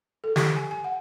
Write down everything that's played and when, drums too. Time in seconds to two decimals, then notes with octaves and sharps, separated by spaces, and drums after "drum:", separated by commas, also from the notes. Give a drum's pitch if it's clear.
0.24 A4
0.36 G4, drum: snare
0.56 G#5
0.71 G#5
0.84 F#5